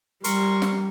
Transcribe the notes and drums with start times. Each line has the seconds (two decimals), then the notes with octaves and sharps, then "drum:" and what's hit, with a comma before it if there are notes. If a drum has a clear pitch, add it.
0.24 G3 A#4 C6 C#6, drum: hi-hat
0.62 drum: snare